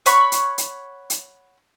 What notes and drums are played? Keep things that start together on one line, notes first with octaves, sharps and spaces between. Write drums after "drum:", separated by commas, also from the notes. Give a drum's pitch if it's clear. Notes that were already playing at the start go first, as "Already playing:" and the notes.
C#5 F#5 B5 C#6, drum: hi-hat
drum: hi-hat
drum: hi-hat
drum: hi-hat